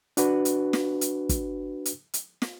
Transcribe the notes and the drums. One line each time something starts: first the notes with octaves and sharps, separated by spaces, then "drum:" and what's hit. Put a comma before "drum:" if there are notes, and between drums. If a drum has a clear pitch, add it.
D4 F#4 B4, drum: hi-hat
drum: hi-hat
drum: snare
drum: hi-hat
drum: kick, hi-hat
drum: hi-hat
drum: hi-hat
drum: snare